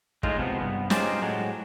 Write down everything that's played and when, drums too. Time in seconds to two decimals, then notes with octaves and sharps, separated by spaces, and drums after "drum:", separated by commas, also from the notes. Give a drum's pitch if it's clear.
0.23 A2 G#3 D#4 F4, drum: kick
0.38 C3 F3 G#3 B3
0.61 G2 B3
0.90 C#4 D#4 F4 G4 G#4 C5, drum: snare
1.22 A2 F#3 G#3